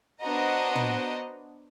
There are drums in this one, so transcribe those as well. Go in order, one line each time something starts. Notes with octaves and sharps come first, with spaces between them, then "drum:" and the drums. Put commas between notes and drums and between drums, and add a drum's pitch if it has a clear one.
B3 D4 F#4 C5 D#5 A#5
drum: tom